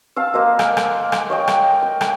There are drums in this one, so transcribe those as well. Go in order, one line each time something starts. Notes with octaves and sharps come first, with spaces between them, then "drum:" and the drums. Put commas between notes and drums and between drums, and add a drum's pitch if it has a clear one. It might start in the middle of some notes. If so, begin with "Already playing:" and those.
F5 A5 E6
A#3 C5 D#5
drum: rim click
drum: rim click
drum: rim click
C#5 D#5 G5
drum: rim click
G5
drum: rim click